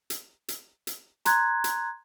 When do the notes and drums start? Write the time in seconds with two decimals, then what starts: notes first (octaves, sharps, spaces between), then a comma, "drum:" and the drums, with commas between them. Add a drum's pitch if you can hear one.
0.10 drum: hi-hat
0.48 drum: hi-hat
0.87 drum: hi-hat
1.25 A#5 C6 F#6 G#6, drum: hi-hat
1.64 drum: hi-hat